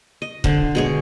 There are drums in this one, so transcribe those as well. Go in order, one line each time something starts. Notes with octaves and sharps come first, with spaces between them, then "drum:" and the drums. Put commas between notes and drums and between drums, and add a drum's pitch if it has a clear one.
D#5
D3 C5, drum: kick
B2 G#3 C#5